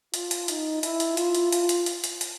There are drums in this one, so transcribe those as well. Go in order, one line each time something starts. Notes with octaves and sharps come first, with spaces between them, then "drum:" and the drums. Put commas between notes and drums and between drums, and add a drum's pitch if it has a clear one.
F4, drum: hi-hat
drum: hi-hat
D#4, drum: hi-hat
E4, drum: hi-hat
drum: hi-hat
F4, drum: hi-hat
drum: hi-hat
F4, drum: hi-hat
drum: hi-hat
drum: hi-hat
drum: hi-hat
drum: hi-hat